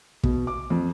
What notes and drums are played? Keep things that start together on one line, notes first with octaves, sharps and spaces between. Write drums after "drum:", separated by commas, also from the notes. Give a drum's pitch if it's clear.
B2, drum: kick
D6
F2